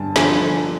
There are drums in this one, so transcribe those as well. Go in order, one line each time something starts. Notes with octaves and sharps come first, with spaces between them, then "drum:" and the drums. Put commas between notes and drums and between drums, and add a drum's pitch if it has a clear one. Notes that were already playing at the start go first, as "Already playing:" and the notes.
Already playing: G2 D3 G#5 A5
D3 F3 G#5, drum: snare